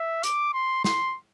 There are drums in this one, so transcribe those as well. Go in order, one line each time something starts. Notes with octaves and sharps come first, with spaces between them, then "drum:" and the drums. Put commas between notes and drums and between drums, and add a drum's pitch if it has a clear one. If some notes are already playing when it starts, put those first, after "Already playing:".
Already playing: E5
D6, drum: hi-hat
C6
C6, drum: snare